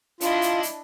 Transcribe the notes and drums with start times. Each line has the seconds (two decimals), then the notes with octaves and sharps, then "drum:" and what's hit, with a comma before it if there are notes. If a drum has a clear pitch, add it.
0.21 D4 E4 F4 D#5, drum: hi-hat
0.42 drum: hi-hat
0.63 drum: hi-hat